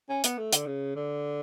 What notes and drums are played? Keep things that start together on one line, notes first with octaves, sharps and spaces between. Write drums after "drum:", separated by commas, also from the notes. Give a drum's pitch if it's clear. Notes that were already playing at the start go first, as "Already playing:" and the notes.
C#4
B3, drum: hi-hat
A3
D3, drum: hi-hat
C#3
D3